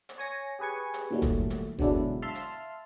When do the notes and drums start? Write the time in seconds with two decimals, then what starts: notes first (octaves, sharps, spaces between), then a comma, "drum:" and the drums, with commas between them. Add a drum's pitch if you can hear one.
0.09 drum: hi-hat
0.18 C#5 G#5 A#6 C#7
0.59 G4 G#4 B4 G#5 C#6
0.94 drum: hi-hat
1.10 A#2 D#3 F#3 G3 A3
1.22 drum: kick F#1, hi-hat
1.50 drum: hi-hat
1.79 B2 D3 F#3 G#3 D4 E4, drum: kick F#1
2.22 E5 F5 A5 C6 F6
2.35 drum: hi-hat